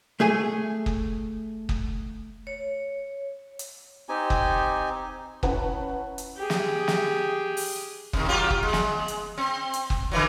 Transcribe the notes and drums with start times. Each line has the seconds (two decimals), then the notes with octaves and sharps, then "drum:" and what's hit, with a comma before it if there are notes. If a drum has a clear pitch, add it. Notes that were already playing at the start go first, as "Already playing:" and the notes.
0.20 A3 G#4 G#5
0.86 drum: kick
1.69 drum: kick
2.47 C#5
3.59 drum: hi-hat
4.09 C4 D#4 G4 G#5
4.30 drum: kick
5.43 C#4 E4 B4 F#5 A5 A#5, drum: kick
6.18 drum: hi-hat
6.37 G4 G#4
6.50 drum: snare
6.88 drum: snare
7.57 drum: open hi-hat
8.13 C3 D#3, drum: kick
8.29 F#3 F4 G4
8.50 drum: kick
8.63 G#3
8.73 drum: snare
9.08 drum: hi-hat
9.38 C4
9.74 drum: hi-hat
9.90 drum: kick
10.12 D3 E3 F#3